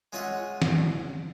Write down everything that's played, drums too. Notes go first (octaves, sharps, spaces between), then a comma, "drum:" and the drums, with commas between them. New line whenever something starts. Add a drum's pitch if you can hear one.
G#3 C#4 F4 C#5 E5 F#5
drum: snare